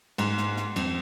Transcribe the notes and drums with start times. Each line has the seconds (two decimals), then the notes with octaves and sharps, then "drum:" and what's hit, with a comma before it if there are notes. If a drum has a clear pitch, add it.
0.18 G#2, drum: cymbal
0.38 drum: snare
0.57 drum: snare
0.76 F2, drum: cymbal